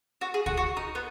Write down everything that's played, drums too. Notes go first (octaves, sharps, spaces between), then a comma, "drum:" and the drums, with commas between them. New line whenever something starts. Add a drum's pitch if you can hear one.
F#4
G#4
F#4, drum: kick
F#4
D#4
B3